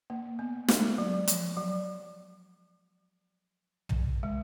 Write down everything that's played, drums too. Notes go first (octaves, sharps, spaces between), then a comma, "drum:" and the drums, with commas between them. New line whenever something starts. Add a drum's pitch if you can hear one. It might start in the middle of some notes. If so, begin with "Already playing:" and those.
A#3
B3
G#3, drum: snare
F#3
F3, drum: hi-hat
F#3
drum: tom
G#3